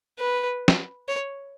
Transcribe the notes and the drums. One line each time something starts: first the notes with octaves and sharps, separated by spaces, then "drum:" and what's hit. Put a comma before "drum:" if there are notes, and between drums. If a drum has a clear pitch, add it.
B4
drum: snare
C#5